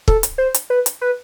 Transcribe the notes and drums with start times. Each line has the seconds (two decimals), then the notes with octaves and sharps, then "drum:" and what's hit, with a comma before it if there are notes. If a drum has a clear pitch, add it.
0.08 A4, drum: kick
0.23 drum: hi-hat
0.38 C5
0.54 drum: hi-hat
0.70 B4
0.86 drum: hi-hat
1.01 B4